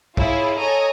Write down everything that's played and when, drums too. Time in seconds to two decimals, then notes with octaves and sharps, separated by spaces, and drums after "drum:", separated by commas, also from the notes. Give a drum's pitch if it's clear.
0.17 E4 F4 G#4 C#5, drum: kick
0.58 A4 C#5 D#5 G#5 A#5